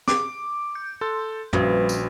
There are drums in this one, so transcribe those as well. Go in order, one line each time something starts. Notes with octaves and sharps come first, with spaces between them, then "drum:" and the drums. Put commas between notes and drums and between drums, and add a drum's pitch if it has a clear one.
D6, drum: snare
G6
A4 C6
A#1 G3 F#4 B4, drum: tom
drum: tambourine